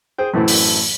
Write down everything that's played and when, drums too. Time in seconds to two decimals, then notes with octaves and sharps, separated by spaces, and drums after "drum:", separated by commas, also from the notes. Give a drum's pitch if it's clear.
0.18 G#4 C5 G5
0.34 F#2 A2 E3 A3 C4 E4
0.48 drum: open hi-hat